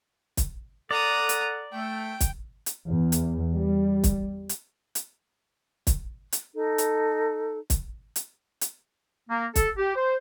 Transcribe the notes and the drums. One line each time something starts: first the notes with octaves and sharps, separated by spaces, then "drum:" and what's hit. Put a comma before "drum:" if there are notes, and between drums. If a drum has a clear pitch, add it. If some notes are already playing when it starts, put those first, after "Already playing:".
drum: kick, hi-hat
A4 D5 F#5 A#5 D#6
drum: hi-hat
A3 G5
drum: kick, hi-hat
drum: hi-hat
E2
drum: hi-hat
G3
drum: kick, hi-hat
drum: hi-hat
drum: hi-hat
drum: kick, hi-hat
drum: hi-hat
D#4 A4
drum: hi-hat
drum: kick, hi-hat
drum: hi-hat
drum: hi-hat
A#3
A4, drum: kick, hi-hat
G4
C5